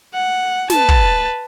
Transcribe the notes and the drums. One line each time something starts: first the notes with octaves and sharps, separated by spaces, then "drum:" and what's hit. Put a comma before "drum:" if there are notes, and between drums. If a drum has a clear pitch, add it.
F#5
B4 A5, drum: snare
drum: kick